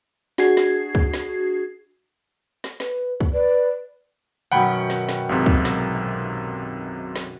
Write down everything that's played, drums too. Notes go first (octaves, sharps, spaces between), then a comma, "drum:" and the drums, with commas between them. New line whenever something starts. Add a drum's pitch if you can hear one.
D4 F#4 G#4 G#6 C7, drum: snare
drum: snare
drum: kick
drum: snare
drum: snare
B4, drum: snare
drum: kick
B4 D5
F#2 B2 D#3 F#5 G5 B5
drum: snare
drum: snare
B1 G#2 C3
drum: kick
drum: snare
drum: snare